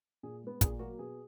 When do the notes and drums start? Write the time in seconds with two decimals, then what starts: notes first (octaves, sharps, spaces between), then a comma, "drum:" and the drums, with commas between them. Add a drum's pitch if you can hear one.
0.23 A#2 G#4
0.43 G#3 B3
0.61 A#2 G#4, drum: kick, hi-hat
0.79 F#3 A#3 F#4
0.99 B2 G#4